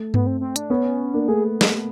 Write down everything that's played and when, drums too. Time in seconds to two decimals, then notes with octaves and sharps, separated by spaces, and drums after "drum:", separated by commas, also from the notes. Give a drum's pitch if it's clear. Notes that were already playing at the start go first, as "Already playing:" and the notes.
Already playing: A3
0.14 B3, drum: tom G2
0.27 C4
0.41 C4
0.56 D4, drum: hi-hat
0.70 B3 C#4
1.14 A#3 D4
1.28 A3 G#4
1.61 drum: snare